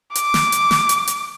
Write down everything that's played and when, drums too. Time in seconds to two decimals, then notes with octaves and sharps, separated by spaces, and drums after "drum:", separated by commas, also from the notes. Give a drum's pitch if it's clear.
0.15 D6, drum: hi-hat
0.34 drum: snare
0.52 drum: hi-hat
0.71 drum: snare
0.89 drum: hi-hat
1.07 drum: hi-hat